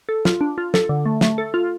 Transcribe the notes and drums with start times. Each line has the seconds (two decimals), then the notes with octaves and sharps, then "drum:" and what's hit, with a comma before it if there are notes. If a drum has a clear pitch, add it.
0.09 A4
0.25 F4, drum: snare
0.41 D4
0.58 F4
0.74 A4, drum: snare
0.89 D3
1.06 A3
1.21 A3, drum: snare
1.38 A4
1.54 F4